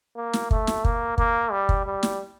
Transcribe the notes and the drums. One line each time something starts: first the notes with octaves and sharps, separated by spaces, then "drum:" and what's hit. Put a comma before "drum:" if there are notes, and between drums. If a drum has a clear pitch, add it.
A#3
drum: snare
A3, drum: kick
drum: snare
A#3, drum: kick
A#3, drum: kick
G3
drum: kick
G3
drum: snare